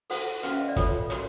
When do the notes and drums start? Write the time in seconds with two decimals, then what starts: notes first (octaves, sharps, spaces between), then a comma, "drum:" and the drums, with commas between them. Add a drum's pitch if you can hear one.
0.10 F#4 A4 C5 F#5, drum: open hi-hat
0.43 C#4 F#4 B4 F5, drum: hi-hat
0.52 E5
0.61 D#5
0.68 D5
0.76 F4 A4 C#5, drum: kick, hi-hat
1.10 F#4 A#4 C#5, drum: hi-hat